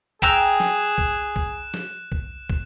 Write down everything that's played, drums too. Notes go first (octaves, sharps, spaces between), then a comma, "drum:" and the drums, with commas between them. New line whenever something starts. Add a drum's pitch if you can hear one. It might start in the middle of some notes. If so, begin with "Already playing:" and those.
G#4 G5 A#5 E6 F#6 E7, drum: kick
drum: snare
drum: kick
drum: kick
drum: snare
drum: kick
drum: kick